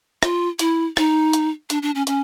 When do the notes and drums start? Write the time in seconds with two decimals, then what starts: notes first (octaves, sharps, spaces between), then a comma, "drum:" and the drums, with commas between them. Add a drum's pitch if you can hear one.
0.23 F4, drum: rim click
0.59 E4, drum: hi-hat
0.97 D#4, drum: rim click
1.33 drum: hi-hat
1.70 D4, drum: hi-hat
1.83 D4
1.95 C#4
2.07 C#4, drum: hi-hat